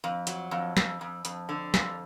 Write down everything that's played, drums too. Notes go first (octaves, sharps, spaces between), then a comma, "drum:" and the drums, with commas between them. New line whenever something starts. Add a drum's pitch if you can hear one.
F2
F#3, drum: hi-hat
F2
F2, drum: snare
F2
F2, drum: hi-hat
D3
F2, drum: snare